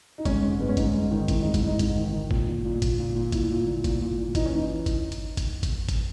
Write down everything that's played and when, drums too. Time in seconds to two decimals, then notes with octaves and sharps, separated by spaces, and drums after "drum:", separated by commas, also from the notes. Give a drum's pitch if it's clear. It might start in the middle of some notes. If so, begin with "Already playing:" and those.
0.18 D#4
0.25 G#2 C#4, drum: kick G#1, hi-hat
0.43 G#2
0.60 G#2 B3
0.69 C#4
0.77 G#2 D#4, drum: kick G#1, hi-hat
0.94 G#2
1.11 D#3
1.28 G#2 E4, drum: kick G#1, hi-hat
1.41 D#4
1.45 G#2
1.54 E4, drum: kick G#1, hi-hat
1.63 G#2 D#4
1.79 G#2, drum: kick G#1, hi-hat
1.96 D#3
2.13 D#3
2.31 A#2, drum: kick G#1
2.48 A#2
2.65 A#2
2.82 A#2, drum: kick G#1, hi-hat
2.99 A#2
3.15 A#2
3.32 A#2 E4, drum: kick G#1, hi-hat
3.50 A#2
3.67 A#2
3.84 A#2, drum: kick G#1, hi-hat
4.01 A#2
4.18 A#2
4.35 E3 D#4, drum: kick G#1, hi-hat
4.45 C#4
4.52 E3 D#4
4.86 drum: kick G#1, hi-hat
5.12 drum: hi-hat
5.37 drum: kick G#1, hi-hat
5.63 drum: kick G#1, hi-hat
5.89 drum: kick G#1, hi-hat